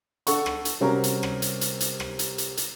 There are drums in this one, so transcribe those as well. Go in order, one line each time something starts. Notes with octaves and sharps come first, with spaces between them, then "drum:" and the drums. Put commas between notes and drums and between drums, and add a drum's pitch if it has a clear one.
D4 A4 F#5 C#6, drum: hi-hat
drum: rim click
drum: hi-hat
C3 G3 C4 C#4 F#4 A#4
drum: hi-hat
drum: rim click
drum: hi-hat
drum: hi-hat
drum: hi-hat
drum: rim click
drum: hi-hat
drum: hi-hat
drum: hi-hat